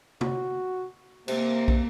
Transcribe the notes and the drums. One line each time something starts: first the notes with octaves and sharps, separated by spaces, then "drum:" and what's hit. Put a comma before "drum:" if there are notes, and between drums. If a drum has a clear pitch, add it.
F#4, drum: tom C3
C3 A#3, drum: cymbal
drum: kick